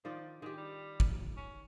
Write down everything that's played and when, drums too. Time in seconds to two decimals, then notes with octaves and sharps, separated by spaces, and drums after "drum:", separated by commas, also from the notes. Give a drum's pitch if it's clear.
0.05 D#3 F3 F4 D5
0.42 D#3 G#3 G4
0.57 G3
1.00 drum: kick
1.37 C#4